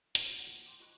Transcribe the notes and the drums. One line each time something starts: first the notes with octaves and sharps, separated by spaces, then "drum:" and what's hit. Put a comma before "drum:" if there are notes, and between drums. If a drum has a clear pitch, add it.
B3 C4 F#4 G4 A4 C5, drum: hi-hat
A2 F#3
A#2 D#3 F3 F#3
G5 C6 D6
F3 D#5 B5 C#6 F#6